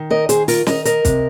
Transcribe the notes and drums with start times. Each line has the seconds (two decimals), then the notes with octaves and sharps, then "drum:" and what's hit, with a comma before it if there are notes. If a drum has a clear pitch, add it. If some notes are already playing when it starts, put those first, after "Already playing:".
Already playing: D#3
0.11 A#4 D#5
0.29 D#3 G#4 C5, drum: hi-hat
0.48 F4 A#4, drum: open hi-hat
0.67 D#3 A#4 D#5, drum: snare
0.85 A#4 D#5, drum: hi-hat
1.05 C3, drum: kick, hi-hat